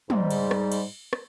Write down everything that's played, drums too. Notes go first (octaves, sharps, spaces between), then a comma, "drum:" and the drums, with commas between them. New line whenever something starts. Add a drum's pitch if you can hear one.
G#2 G3, drum: tom
drum: cymbal
drum: rim click
drum: cymbal
drum: rim click